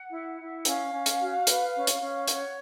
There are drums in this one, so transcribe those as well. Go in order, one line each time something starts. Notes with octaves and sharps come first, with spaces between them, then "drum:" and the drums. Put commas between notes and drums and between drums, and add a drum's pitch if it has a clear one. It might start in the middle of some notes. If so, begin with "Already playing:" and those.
Already playing: F#5
E4
E4
C#4 F5, drum: hi-hat
C#4
drum: hi-hat
F#4
B4, drum: hi-hat
C#4
drum: hi-hat
C#4
C#5 F#5, drum: hi-hat